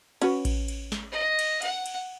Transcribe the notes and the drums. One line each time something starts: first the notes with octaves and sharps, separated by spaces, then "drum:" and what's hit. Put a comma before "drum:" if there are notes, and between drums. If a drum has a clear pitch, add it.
C#4 F#4 B4, drum: cymbal
drum: kick A1, cymbal
drum: cymbal
drum: snare
D#5
drum: cymbal
F#5, drum: cymbal
drum: cymbal